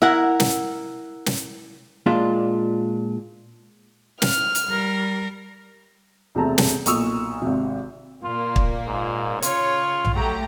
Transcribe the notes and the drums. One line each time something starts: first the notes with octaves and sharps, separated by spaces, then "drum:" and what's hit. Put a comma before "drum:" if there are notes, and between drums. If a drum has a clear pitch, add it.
E4 A#4 F#5
drum: snare
drum: snare
A#2 G#3 D4 F4
F6, drum: snare
drum: hi-hat
G3 A#4
E1 C3 A3 A5 A#5
drum: snare
B1 A#2 C#6 D#6 E6 F7, drum: hi-hat
G#1 C3
A#2 A#3 F4
drum: kick
G#2
C#3 F4 C#5, drum: hi-hat
drum: tom A#1
F#3 A3 G4 A#5